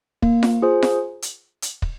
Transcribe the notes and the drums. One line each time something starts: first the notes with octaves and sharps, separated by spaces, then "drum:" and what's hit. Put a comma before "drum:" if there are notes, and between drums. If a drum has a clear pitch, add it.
A#3, drum: kick
drum: snare F4
F4 G#4 C5
drum: snare F4
drum: hi-hat
drum: hi-hat
drum: kick